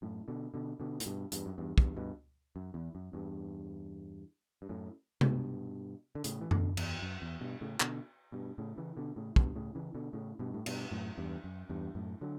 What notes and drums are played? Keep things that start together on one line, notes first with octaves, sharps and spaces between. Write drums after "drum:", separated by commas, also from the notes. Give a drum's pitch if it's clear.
F#2 A2
B2 D3
B2 D3
B2 D3
A2, drum: hi-hat
G2 B2
E2 G2, drum: hi-hat
F#2
E2 G2
E2 G2, drum: kick
G2 B2
F#2
E2
F#2
E2 G2
G2
F#2 A2
G2 B2, drum: tom C3
D3
A2 C#3, drum: hi-hat
E3
B2 D3, drum: tom F#2
E2, drum: cymbal
F#2
E2
G2 B2
A2 C#3
B2 D3, drum: clap
G2 B2
A2 C#3
C#3 E3
B2 D3
A2 C#3
G2 B2, drum: kick
A2 C#3
C#3 E3
B2 D3
A2 C#3
G2 B2
A2
G2 B2, drum: cymbal
F#2 A2
E2 G2
F#2
E2 G2
F#2 A2
D3 F#3